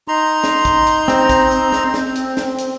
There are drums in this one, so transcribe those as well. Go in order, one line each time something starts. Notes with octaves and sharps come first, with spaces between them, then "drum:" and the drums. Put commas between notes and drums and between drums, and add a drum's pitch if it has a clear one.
D#4 A#5 C6
drum: snare
drum: kick, hi-hat
drum: hi-hat
C4, drum: snare
drum: kick, hi-hat
drum: hi-hat
drum: snare
drum: snare
drum: hi-hat
drum: snare
drum: hi-hat